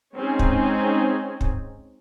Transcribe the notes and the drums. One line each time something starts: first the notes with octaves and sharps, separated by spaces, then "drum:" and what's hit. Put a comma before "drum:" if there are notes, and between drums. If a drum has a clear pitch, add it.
G#3 C4 C#4 D#4 G#4
drum: kick
drum: kick